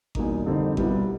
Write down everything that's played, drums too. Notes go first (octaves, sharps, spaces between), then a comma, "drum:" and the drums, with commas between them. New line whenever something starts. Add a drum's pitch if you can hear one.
E2 B2 G3 A#3 D#4, drum: kick G#1
F2 D3 G3 C4 D#4
C2 B2 G3 B3 E4, drum: kick G#1